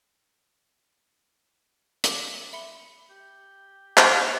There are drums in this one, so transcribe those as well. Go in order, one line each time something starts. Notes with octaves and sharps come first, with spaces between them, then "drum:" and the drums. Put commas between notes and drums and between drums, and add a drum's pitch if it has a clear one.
C6 D6, drum: hi-hat
E5 B5 C#7 G7
G4
drum: clap